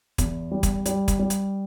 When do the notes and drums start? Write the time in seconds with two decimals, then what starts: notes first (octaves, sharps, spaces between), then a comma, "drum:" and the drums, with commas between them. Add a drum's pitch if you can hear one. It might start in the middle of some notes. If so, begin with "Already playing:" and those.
0.18 E2, drum: kick, hi-hat
0.51 G3
0.63 drum: kick, hi-hat
0.86 G3, drum: hi-hat
1.08 drum: kick, hi-hat
1.19 G3
1.30 drum: hi-hat